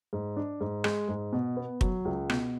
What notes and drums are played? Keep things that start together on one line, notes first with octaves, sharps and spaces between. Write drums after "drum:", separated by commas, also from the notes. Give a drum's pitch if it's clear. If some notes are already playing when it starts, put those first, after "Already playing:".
G#2
D4
G#2
G#3, drum: rim click
G#2
B2
B3
F#3, drum: kick
C#2
B2, drum: rim click